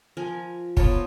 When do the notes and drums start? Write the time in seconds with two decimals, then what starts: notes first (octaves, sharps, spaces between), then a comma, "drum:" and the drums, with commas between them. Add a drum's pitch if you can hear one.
0.17 F3 A#4 G#5
0.77 B3 F4 A#4 C5 C#5 A5, drum: kick